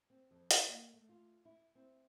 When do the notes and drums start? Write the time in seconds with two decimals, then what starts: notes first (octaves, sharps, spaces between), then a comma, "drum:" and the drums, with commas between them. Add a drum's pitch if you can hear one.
0.10 C4
0.31 F2
0.51 drum: hi-hat
0.68 A#3
0.94 A3
1.09 F4
1.45 E4
1.75 C4